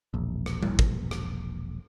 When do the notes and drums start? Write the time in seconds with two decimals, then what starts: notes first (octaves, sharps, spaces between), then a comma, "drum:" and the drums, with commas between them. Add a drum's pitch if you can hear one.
0.14 E1 A#1
0.46 drum: rim click
0.63 drum: tom G3
0.79 drum: kick
1.11 drum: rim click